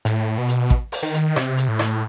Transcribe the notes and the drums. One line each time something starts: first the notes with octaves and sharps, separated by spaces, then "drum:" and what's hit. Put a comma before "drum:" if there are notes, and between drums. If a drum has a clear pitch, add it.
A2, drum: hi-hat
B2
drum: hi-hat
drum: kick
drum: open hi-hat
D#3
drum: hi-hat
C3, drum: rim click
drum: hi-hat
A2
drum: rim click